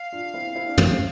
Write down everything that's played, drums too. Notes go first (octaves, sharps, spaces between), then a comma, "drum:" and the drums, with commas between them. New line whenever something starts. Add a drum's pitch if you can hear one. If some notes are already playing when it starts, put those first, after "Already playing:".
Already playing: F5
D4 F4
C4 E4
C4 E4
D4
A3 C4, drum: tom